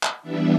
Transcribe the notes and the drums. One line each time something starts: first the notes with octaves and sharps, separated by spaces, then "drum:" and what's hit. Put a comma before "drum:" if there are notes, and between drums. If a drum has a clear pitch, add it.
drum: clap
E3 G3 B3 D4 E5